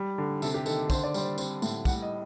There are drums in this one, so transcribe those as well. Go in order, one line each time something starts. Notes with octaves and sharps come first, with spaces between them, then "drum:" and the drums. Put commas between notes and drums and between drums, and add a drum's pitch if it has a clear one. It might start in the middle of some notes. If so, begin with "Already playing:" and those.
Already playing: G3
D3
C3 A4, drum: tambourine
G4
D#3 A4, drum: tambourine
D3 C5, drum: kick, tambourine
D5
G3 C5, drum: tambourine
C4, drum: tambourine
A2, drum: tambourine
G3 F#5, drum: kick, tambourine
D#5